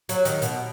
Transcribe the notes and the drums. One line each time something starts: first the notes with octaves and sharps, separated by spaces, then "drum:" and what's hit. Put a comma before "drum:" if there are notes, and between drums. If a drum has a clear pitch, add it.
F#3, drum: hi-hat
D#3, drum: hi-hat
B2, drum: hi-hat